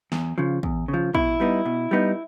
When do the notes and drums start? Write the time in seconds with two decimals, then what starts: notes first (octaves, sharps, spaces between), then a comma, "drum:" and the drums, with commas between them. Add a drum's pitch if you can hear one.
0.12 E2, drum: snare
0.38 C#3 F3
0.63 E2, drum: kick
0.88 C#3
0.94 F3
1.14 B2 E4, drum: kick
1.40 G3 B3 D#4
1.66 B2
1.91 G3 B3 D#4